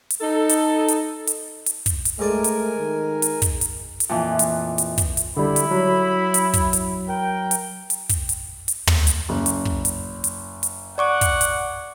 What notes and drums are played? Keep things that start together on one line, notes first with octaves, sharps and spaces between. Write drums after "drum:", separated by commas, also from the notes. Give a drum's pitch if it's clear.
drum: hi-hat
D#4 A4
drum: hi-hat
drum: hi-hat
drum: hi-hat
drum: hi-hat
drum: kick, hi-hat
drum: hi-hat
G#2 A3 A#4 D5 G#5
drum: hi-hat
D#3
drum: hi-hat
drum: kick, hi-hat
drum: hi-hat
drum: hi-hat
F2 A#2 E3
drum: hi-hat
drum: hi-hat
drum: kick, hi-hat
drum: hi-hat
D3 G3 E4 B5
drum: hi-hat
F#3
drum: hi-hat
drum: kick, hi-hat
drum: hi-hat
A#4 G5
drum: hi-hat
drum: hi-hat
drum: kick, hi-hat
drum: hi-hat
drum: hi-hat
drum: tom
drum: hi-hat
F#1
drum: hi-hat
drum: kick
drum: hi-hat
drum: hi-hat
drum: hi-hat
D5 F#5 C#6 D6
drum: kick, hi-hat
drum: hi-hat